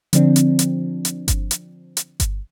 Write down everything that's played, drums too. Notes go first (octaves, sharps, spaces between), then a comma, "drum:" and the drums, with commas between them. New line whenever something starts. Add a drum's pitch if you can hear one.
D3 F3 C4 D4, drum: hi-hat
drum: hi-hat
drum: hi-hat
drum: hi-hat
drum: kick G1, hi-hat
drum: hi-hat
drum: hi-hat
drum: kick G1, hi-hat